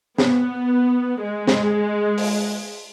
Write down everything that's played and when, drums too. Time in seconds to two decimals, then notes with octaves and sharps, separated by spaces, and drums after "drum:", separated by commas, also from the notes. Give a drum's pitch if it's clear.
0.18 B3, drum: snare
1.23 G#3
1.48 drum: snare
2.18 drum: open hi-hat